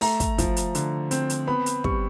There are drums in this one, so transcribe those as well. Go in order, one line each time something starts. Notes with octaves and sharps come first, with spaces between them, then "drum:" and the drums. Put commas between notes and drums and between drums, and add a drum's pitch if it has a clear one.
A3 A#5, drum: open hi-hat
drum: kick, hi-hat
F3, drum: kick, hi-hat
drum: hi-hat
D3, drum: hi-hat
C4, drum: hi-hat
drum: hi-hat
B3 B5
drum: hi-hat
G3 C#6, drum: kick